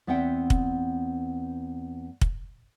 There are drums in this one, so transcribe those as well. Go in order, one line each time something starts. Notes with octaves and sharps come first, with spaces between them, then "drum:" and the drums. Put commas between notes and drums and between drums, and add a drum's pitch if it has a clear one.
E2 B3 C4 E5 F#5 G5
drum: kick
drum: kick